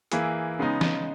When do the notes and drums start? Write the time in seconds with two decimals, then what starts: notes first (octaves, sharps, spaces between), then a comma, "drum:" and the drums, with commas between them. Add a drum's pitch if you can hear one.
0.12 E3 A#3 E4 G#4, drum: hi-hat
0.59 C#3 G#3 B3 D#4
0.81 drum: snare